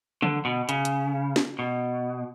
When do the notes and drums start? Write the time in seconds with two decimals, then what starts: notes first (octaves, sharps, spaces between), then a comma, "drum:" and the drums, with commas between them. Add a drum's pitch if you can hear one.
0.22 D3, drum: tom
0.45 B2
0.69 C#3, drum: hi-hat
0.85 drum: hi-hat
1.36 drum: snare
1.59 B2